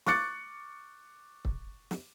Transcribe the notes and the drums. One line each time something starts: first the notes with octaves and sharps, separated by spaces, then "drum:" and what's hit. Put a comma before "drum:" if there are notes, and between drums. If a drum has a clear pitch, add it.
C#6 D6 F#6 A6 C#7, drum: snare
drum: kick
drum: snare